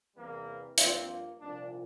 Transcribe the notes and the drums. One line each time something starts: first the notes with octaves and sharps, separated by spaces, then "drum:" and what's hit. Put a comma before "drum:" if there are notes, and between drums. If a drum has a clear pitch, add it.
E2 C3 E3 G3 A#3
G2 F3 A#3 C4, drum: hi-hat
C2 A#2 F3 D4